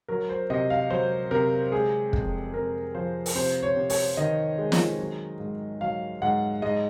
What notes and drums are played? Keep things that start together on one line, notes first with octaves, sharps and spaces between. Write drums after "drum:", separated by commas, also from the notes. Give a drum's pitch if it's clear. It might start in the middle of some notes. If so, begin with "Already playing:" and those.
F#3 A#4
C5
C3 D#5
F5
F#3 C5
C3 A#4
G#3 G#4
F2, drum: kick
C3 A#4
F3 C5
drum: open hi-hat
C3 C5
C#5
C3
C#5, drum: open hi-hat
D#3 D#5
G#3
drum: snare
F#3
G#2
F#3 F5
G#2 F#5
G#2 D#5